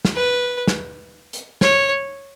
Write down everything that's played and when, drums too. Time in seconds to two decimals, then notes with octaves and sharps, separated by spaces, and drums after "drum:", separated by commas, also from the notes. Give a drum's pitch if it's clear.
0.05 drum: snare
0.15 B4
0.68 drum: snare
1.33 drum: hi-hat
1.61 C#5, drum: snare